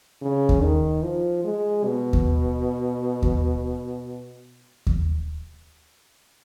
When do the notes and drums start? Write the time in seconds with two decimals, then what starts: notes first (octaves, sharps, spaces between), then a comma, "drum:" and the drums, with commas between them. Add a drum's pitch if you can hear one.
0.21 C#3
0.49 drum: kick D#2
0.63 D#3
1.03 F3
1.44 G#3
1.85 B2
2.13 drum: kick D#2
3.22 drum: kick D#2
4.87 drum: kick D#2